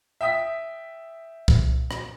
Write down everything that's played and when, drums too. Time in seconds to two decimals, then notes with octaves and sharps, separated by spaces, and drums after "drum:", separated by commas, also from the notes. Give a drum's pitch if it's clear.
0.21 E5 G5 D#6 B6
1.48 drum: kick
1.91 drum: rim click